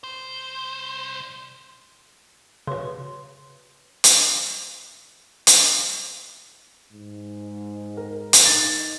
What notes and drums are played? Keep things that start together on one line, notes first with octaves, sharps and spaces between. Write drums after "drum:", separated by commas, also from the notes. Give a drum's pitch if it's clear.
C2 C5
C#3 F#4 B4 C#5 C6
drum: hi-hat
drum: hi-hat
G#2
A#4
drum: hi-hat
D#4 A6